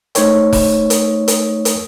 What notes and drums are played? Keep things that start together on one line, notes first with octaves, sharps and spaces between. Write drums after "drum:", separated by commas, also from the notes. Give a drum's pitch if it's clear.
A3 D#4 C5 C#5 G5, drum: hi-hat
drum: kick F1, open hi-hat
drum: hi-hat
drum: hi-hat
drum: hi-hat